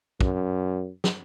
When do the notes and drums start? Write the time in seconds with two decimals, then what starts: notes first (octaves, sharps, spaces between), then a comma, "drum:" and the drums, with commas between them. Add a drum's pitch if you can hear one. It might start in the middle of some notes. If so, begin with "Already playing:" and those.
0.21 F#2, drum: kick
1.04 drum: snare